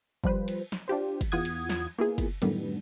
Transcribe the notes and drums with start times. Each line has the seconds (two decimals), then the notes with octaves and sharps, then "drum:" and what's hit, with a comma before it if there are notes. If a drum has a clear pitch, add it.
0.24 F3 G3 B4 C5, drum: kick
0.48 drum: cymbal
0.72 drum: snare
0.88 D4 F4 G4 C5
1.21 drum: kick, cymbal
1.32 E2 F4 F#5 D#6 G#6
1.45 drum: cymbal
1.69 drum: snare
1.98 A#3 B3 E4 F4 G#4
2.18 drum: kick, cymbal
2.42 F#2 A2 D3 D#3 G3 B3, drum: cymbal